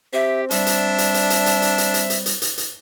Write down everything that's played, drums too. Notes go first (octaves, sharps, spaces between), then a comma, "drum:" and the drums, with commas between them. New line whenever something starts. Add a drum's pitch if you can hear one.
C4 G4 E5
G3 D4 E5, drum: hi-hat
drum: hi-hat
drum: hi-hat
drum: hi-hat
drum: hi-hat
drum: hi-hat
drum: hi-hat
drum: hi-hat
drum: hi-hat
drum: hi-hat
drum: hi-hat
drum: hi-hat
drum: hi-hat